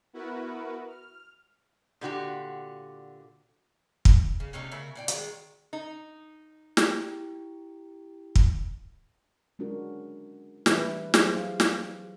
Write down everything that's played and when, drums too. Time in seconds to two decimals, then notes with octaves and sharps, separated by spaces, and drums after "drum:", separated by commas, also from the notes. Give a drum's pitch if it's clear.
0.13 B3 E4 F#4 A#4 B4
0.88 F6
2.01 A#2 D3 F#4 G4
4.05 drum: kick
4.40 C#3
4.53 C3 A3 C#4 D#4
4.72 C#3 A#4 E5
4.95 A#2 D5 G5
5.08 D#3 G#3, drum: hi-hat
5.73 D#4
6.77 E4 G4 G5, drum: snare
8.35 drum: kick
9.59 G#3 C#4 D4 F#4 A#4
10.66 E3 G3 A3 D4 B4 E5, drum: snare
11.14 F#3 D#4 E4 G4 G#4 C5, drum: snare
11.37 F5
11.60 drum: snare